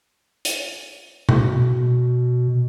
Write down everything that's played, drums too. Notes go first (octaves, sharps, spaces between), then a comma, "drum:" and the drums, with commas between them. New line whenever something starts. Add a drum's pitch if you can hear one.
drum: hi-hat
B2, drum: tom B2